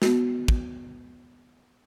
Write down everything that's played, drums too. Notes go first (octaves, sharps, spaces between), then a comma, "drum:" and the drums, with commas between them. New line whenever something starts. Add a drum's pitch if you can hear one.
B3 F#4, drum: snare
drum: kick